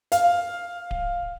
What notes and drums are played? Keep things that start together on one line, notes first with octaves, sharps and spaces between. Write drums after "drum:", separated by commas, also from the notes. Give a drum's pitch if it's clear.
F5, drum: hi-hat
drum: kick D1